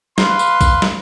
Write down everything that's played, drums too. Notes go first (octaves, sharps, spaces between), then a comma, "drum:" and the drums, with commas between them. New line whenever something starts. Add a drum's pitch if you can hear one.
B4 F5 C6, drum: snare
drum: tambourine
drum: kick A#1, tambourine
drum: snare